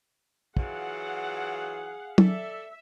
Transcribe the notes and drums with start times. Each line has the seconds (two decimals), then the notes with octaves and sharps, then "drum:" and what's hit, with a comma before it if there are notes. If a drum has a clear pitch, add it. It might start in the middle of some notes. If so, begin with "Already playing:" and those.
0.57 E3 F#3 F4 G#4 F5 F#5, drum: kick
2.18 A4 D5 E5, drum: tom